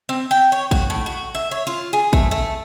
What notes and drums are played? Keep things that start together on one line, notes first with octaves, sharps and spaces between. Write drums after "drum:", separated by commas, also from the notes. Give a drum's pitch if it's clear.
C4
G5
C#5
F#4, drum: kick
A2
F#4
E5
C#5
F4
G#4
A3, drum: kick
A3